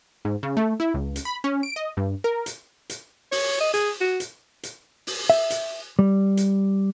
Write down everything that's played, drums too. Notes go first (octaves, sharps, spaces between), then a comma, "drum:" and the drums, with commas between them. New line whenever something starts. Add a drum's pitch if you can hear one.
G#2
C#3
A3
E4
C#2
drum: hi-hat
B5
C#4
D7
D#5
G2
A#4
drum: hi-hat
drum: hi-hat
C#5, drum: open hi-hat
D#5
G#4, drum: hi-hat
F#4
drum: hi-hat
drum: hi-hat
drum: open hi-hat
E5
drum: hi-hat
G3
drum: hi-hat